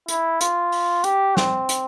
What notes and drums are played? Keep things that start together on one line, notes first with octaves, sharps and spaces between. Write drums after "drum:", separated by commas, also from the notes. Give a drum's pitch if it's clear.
E4, drum: hi-hat
F4, drum: hi-hat
drum: open hi-hat
G4, drum: hi-hat
C4, drum: snare
drum: hi-hat